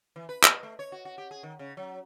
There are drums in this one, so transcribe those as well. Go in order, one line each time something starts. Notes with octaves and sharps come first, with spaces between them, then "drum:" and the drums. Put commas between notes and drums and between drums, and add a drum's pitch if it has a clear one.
E3
B4
D#5, drum: clap
A3
C#5
F#4
F#4
G4
G#4
D#3
C#3
F#3